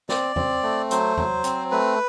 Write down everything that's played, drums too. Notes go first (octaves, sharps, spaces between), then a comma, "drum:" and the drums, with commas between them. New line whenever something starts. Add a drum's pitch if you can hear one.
C4 D5, drum: snare
C4, drum: tom E2
A3
F#3 C5, drum: hi-hat
F#3, drum: tom E2
C4, drum: hi-hat
A3 B4